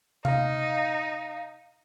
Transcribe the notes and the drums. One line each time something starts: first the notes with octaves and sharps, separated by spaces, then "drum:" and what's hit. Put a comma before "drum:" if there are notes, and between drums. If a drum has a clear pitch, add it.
D#4 F5, drum: tom C3